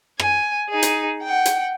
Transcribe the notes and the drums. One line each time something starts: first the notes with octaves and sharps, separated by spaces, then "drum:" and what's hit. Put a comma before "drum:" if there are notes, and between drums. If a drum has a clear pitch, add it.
G#5, drum: rim click
D#4 G#4
drum: hi-hat
F#5 G5
drum: hi-hat